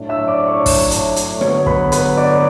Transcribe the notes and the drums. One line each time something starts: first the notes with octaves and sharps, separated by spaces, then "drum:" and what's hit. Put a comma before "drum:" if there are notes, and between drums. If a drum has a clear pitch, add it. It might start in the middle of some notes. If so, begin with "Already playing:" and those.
Already playing: A2 F#3 A3 D4
E5 E6
D5 D6
C#5 C#6
drum: kick, open hi-hat
drum: hi-hat
drum: hi-hat
D3 F#3 B3 C#5 C#6, drum: rim click
B4 B5, drum: kick
B4 B5, drum: hi-hat
D5 D6